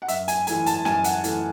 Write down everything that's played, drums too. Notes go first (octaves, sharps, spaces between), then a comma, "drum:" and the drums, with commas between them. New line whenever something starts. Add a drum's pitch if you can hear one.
F#5
F#2 E5, drum: hi-hat
G#5, drum: hi-hat
E3 A3 G#5, drum: hi-hat
A5, drum: hi-hat
F#2 G#5, drum: snare
F#5, drum: hi-hat
E3 A3, drum: hi-hat